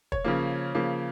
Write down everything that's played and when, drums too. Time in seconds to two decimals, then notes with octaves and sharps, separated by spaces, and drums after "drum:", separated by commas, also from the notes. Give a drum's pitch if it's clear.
0.12 C#5, drum: kick
0.25 C#3 F3 A#3
0.75 C#3 F3 A#3